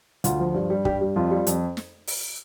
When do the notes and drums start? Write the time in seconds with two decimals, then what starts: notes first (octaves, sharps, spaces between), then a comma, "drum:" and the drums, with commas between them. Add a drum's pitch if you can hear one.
0.24 D2 F4, drum: hi-hat
0.40 F3
0.54 G2
0.70 G3
0.85 G2 G4, drum: kick
1.01 G3
1.16 F2 F4
1.31 G3
1.47 F2, drum: hi-hat
1.77 drum: snare
2.07 drum: open hi-hat